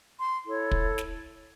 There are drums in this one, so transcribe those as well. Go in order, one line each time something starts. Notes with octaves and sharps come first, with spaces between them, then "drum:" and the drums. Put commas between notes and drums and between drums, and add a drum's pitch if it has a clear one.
C6
E4 A4 C#5
drum: kick
drum: snare